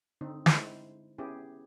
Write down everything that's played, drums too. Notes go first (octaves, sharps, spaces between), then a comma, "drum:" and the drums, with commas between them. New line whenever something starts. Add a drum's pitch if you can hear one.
D3 C4 D#4
G#3 E4 C5, drum: snare
B3 C#4 E4 G4 G#4